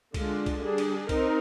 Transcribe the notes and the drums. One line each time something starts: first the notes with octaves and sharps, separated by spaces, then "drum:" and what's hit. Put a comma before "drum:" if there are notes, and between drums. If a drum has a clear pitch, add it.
D3 G#3 D4 F4, drum: kick C2, cymbal
drum: kick C2, cymbal
G3 D4 G#4
drum: cymbal
C4 D#4 A#4, drum: kick C2, cymbal